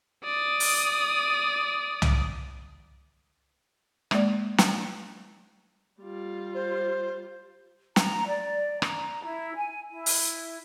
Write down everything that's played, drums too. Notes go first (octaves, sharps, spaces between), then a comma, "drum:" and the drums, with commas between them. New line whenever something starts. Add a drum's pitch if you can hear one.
D5 D#6
drum: open hi-hat
drum: tom C2
G#3 A#3 D5, drum: rim click
drum: snare
G3 F4
C5
A#5, drum: snare
D5
A#5, drum: rim click
E4
G#5
E4
drum: open hi-hat